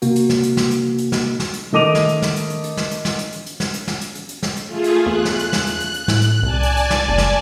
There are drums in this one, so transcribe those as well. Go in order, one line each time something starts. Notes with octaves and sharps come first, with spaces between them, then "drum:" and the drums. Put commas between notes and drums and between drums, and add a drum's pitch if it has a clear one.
C3 A#3 F#4, drum: hi-hat
drum: hi-hat
drum: snare
drum: hi-hat
drum: snare
drum: hi-hat
drum: hi-hat
drum: snare
drum: snare
drum: hi-hat
D#3 A3 D#5 D6 D#7 F7
drum: snare
drum: hi-hat
drum: snare
drum: hi-hat
drum: hi-hat
drum: hi-hat
drum: snare
drum: hi-hat
drum: snare
drum: hi-hat
drum: hi-hat
drum: hi-hat
drum: snare
drum: hi-hat
drum: snare
drum: hi-hat
drum: hi-hat
drum: hi-hat
drum: snare
drum: hi-hat
A3 F4 G#4
drum: hi-hat
E2 F#6
drum: snare
drum: hi-hat
drum: snare
drum: hi-hat
drum: hi-hat
drum: hi-hat
A2, drum: snare
drum: hi-hat
C2 D5 G#5 A5
drum: hi-hat
drum: hi-hat
drum: snare
F#1
drum: snare